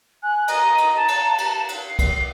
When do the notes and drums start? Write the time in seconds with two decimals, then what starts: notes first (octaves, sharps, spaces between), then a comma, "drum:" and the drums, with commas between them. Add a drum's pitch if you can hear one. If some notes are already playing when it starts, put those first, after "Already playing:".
0.23 G#5 F#6
0.48 D#5 A#5, drum: cymbal
0.78 drum: cymbal
0.96 A5
1.08 drum: cymbal
1.38 drum: cymbal
1.69 drum: cymbal
1.89 C7
1.99 drum: kick, cymbal